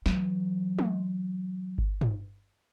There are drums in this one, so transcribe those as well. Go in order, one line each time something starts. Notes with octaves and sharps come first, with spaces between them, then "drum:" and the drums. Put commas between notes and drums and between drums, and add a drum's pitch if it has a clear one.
E3 F#3, drum: snare
drum: tom
drum: kick G1
drum: tom